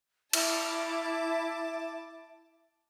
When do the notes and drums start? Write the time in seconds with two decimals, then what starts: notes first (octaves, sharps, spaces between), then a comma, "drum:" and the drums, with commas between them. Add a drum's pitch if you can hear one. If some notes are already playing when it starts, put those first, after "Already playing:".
0.33 E4 E5 A5 D6, drum: cymbal